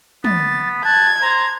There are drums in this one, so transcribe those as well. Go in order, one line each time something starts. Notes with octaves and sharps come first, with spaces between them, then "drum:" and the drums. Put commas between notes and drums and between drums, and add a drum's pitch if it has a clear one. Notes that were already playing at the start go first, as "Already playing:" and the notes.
B3 A6, drum: tom
A5 F#6 G#6
C5 A#5